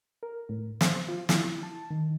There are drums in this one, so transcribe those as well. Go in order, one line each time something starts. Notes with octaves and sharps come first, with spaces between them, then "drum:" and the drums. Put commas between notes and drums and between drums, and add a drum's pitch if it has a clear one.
A#4
A2
C5, drum: snare
F4
E4, drum: snare
A5
D#3